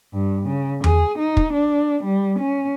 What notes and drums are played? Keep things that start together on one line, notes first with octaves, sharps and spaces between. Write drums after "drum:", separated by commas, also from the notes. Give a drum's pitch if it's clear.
G2
C#3
G#4, drum: tom E2
D#4
drum: kick
D4
G3
C#4